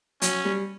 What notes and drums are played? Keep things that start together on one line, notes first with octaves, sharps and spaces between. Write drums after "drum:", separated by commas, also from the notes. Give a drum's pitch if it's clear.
F#3 C#4, drum: hi-hat
G3